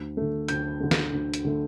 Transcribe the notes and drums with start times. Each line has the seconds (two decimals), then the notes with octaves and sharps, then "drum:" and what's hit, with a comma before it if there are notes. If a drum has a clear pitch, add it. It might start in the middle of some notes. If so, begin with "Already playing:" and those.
Already playing: D2
0.17 D3 A3
0.48 D2 G6, drum: hi-hat
0.80 D3 A3
0.91 drum: snare
1.13 D2
1.34 drum: hi-hat
1.45 D3 A3